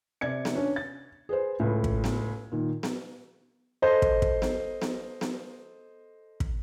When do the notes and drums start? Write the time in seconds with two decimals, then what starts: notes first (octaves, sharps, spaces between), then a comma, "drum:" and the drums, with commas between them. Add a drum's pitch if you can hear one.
0.21 C3 D5 G#6 C#7
0.45 drum: snare B3
0.55 C#4 D4
0.76 A6
1.29 G#4 B4 C5
1.60 C#2 A2
1.84 drum: kick
2.04 drum: snare B3
2.52 A#2 D#3
2.83 drum: snare B3
3.82 A4 C5 D#5
4.02 drum: kick
4.22 drum: kick
4.42 drum: snare B3
4.82 drum: snare B3
5.21 drum: snare B3
6.40 drum: kick